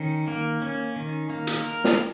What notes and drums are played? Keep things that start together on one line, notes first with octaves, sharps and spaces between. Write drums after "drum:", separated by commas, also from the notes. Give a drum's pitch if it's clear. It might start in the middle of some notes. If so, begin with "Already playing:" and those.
Already playing: D#3 C#4
A#3
C#4
D#3
A#3
drum: hi-hat
A#4
drum: snare